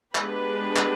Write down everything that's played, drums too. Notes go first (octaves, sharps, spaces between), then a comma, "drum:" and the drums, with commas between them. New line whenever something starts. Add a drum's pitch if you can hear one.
G#3 B3 D4 G4 B4, drum: clap
drum: clap